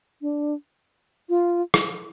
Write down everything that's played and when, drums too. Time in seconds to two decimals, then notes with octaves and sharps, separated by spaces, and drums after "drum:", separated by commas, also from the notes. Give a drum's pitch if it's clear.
0.21 D4
1.29 F4
1.74 drum: rim click